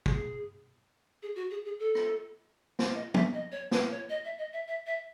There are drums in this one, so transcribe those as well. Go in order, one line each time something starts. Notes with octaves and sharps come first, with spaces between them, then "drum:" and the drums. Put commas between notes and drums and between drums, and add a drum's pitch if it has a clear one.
G#4, drum: kick
G#4
F#4
G#4
G#4
A4
drum: rim click
drum: snare
D#5
E5, drum: tom
D#5
C#5
B4, drum: snare
C#5
D#5
E5
D#5
E5
E5
E5